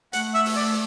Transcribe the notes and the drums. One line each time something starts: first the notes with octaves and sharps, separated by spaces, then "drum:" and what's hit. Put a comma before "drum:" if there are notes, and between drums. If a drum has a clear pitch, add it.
A3 F#5, drum: hi-hat
E5
drum: open hi-hat
D5